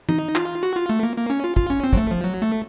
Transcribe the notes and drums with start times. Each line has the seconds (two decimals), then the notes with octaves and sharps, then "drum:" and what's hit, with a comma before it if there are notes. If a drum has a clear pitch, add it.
0.09 D#4, drum: tom E3
0.35 F4, drum: clap
0.63 F#4
0.76 F4
0.89 A3
1.03 A#3
1.16 A#3
1.30 C#4
1.44 F4
1.57 F4, drum: kick
1.70 C#4
1.84 C4
1.93 F#3, drum: kick
1.97 A3
2.11 F3
2.24 F#3
2.42 A3